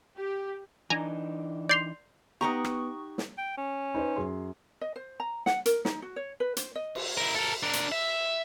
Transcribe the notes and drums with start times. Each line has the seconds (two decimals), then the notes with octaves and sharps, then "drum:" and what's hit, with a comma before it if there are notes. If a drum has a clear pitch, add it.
0.16 G4
0.90 E3 D4 D#4 G#5 A#5
1.69 D5 C6 G6 C7 F7
2.41 B3 D#4 G4 D#5 F#5 A#5 C#6
2.64 drum: rim click
3.18 drum: snare
3.38 G5
3.57 C#4
3.94 D#4 B4 C5
4.16 F#2 G#4 C6
4.81 D#5
4.96 C5
5.20 A#5
5.46 F#5, drum: snare
5.66 A#4, drum: hi-hat
5.85 D#4, drum: snare
6.02 F#4
6.16 C#5
6.40 B4
6.57 C5, drum: hi-hat
6.75 D#5
6.95 drum: cymbal
7.18 E4 A#4
7.35 A4 A#4
7.63 D4 A#4
7.73 drum: hi-hat
7.92 E5